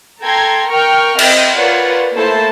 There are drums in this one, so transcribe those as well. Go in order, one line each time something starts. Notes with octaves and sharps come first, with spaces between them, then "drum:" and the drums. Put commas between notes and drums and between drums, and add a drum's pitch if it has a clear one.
A4 G5 A#5 C6 G#6
A#4 G5 C#6 F6
C4 D#5 E5 G5, drum: cymbal
F4 A#4 B4 C#5 D5 F#5
A3 A#3 E4 A4 C5 A5